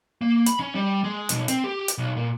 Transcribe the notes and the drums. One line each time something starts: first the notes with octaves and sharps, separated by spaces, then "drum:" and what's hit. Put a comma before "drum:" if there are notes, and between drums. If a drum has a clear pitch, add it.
A#3
B5, drum: hi-hat
C#4
G3
G#3
B1, drum: hi-hat
C4, drum: hi-hat
G4
drum: hi-hat
B1
A#2